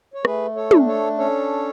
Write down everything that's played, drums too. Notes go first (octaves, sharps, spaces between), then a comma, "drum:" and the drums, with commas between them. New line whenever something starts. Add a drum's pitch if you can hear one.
C#5
A3 G#4 B4, drum: rim click
A4 C#5
D4, drum: tom
A4 C#5
C#4 A4 C#5